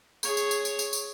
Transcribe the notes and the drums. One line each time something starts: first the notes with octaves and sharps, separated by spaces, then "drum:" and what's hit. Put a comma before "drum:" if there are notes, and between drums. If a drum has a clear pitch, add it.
G#4 C#5, drum: tambourine
drum: tambourine
drum: tambourine
drum: tambourine
drum: tambourine
drum: tambourine